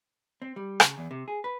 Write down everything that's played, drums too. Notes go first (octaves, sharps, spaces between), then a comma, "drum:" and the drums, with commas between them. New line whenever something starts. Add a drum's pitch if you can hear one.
C4
G3
C#3, drum: rim click
E2
C3
G#4
B4